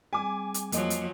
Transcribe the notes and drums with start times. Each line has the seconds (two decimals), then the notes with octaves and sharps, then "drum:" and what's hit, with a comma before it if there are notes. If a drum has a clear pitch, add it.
0.13 G3 C4 G#4 G#5 D6
0.54 drum: hi-hat
0.72 F2 F3 F#3 A#3 D#5, drum: hi-hat
0.90 drum: hi-hat